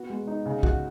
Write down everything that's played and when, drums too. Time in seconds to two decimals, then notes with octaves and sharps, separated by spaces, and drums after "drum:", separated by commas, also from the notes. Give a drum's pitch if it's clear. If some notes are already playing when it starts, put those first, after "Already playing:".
Already playing: B3 F#4
0.10 G#3
0.27 D#4
0.46 C#3
0.63 F#4, drum: kick